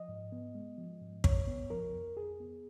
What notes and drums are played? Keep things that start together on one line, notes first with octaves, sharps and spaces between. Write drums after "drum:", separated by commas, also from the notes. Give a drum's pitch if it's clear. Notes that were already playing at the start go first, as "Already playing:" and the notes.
Already playing: F3 D#5
G#2
B3
G#3
F3
G#2
F2 C#5, drum: kick
B3
F3 A#4
F2
F2 G#4
B3